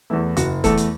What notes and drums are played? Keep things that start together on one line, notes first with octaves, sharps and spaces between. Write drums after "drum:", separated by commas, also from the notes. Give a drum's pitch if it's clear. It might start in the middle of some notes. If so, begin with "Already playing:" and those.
E2 E3 A3 E4
F#1 F#4, drum: hi-hat
E2 E3 A3 A4, drum: kick, hi-hat
drum: hi-hat